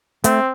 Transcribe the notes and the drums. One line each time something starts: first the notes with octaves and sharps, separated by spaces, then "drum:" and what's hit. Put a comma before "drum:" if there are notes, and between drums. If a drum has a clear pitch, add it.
A3 C4, drum: hi-hat